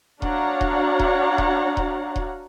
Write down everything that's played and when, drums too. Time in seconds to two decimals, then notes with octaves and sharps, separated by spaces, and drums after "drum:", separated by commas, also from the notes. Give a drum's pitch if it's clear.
0.22 D4 F#4 C#5 F5 F#5 A#5, drum: kick D#1
0.61 drum: kick D#1
0.99 drum: kick D#1
1.38 drum: kick D#1
1.77 drum: kick D#1
2.16 drum: kick D#1